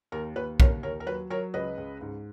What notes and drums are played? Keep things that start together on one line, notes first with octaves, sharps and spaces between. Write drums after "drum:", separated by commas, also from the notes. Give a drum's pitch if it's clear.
D#2 A#4
D#2 B4
D#2 A#4 C#5, drum: kick B1
D#2 A#4 C#5
A#4
F#3 B4
F#3 A#4 C#5
C#2 B4 D#5
C#2
G#2